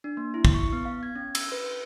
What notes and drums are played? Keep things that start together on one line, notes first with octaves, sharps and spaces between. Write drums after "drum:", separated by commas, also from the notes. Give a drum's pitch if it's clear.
D4
A#3
E4
drum: kick
C#6
B3
F5
G#6
C#4
E6, drum: cymbal
B4